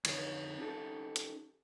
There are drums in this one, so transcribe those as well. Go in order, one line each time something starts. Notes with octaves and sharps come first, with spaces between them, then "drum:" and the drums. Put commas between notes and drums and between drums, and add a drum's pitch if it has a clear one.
F2 D3 D#4 B4 C#5, drum: cymbal
C#4 D#4 G4 A4
drum: hi-hat